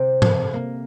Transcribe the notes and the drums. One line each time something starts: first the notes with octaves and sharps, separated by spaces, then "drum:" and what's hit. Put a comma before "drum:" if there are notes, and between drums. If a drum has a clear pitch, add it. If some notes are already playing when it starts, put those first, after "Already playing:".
Already playing: C3 C4
drum: tom G#2
A#3